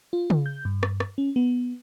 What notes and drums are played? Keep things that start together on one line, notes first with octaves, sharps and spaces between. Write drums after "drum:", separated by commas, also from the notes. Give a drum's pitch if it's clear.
F4
drum: tom C#3
G6
G2
drum: rim click
drum: rim click
C#4
B3